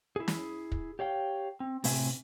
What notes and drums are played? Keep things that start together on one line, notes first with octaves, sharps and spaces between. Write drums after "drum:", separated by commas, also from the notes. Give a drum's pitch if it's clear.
E4 G#4
drum: snare
drum: kick
G4 C#5 F5 G5
C4
A2 C3 C4 E5 G#5, drum: open hi-hat